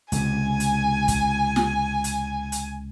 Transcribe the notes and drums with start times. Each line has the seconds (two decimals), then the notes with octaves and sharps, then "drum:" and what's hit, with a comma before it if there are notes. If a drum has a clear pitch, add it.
0.12 C#2 C3 G#5, drum: hi-hat
0.60 drum: hi-hat
1.08 drum: kick, hi-hat
1.56 drum: snare
2.04 drum: hi-hat
2.52 drum: hi-hat